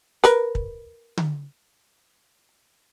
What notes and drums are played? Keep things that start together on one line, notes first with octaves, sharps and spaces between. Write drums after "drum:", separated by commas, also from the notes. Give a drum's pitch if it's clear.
A#4 B4, drum: hi-hat
drum: kick
drum: tom D3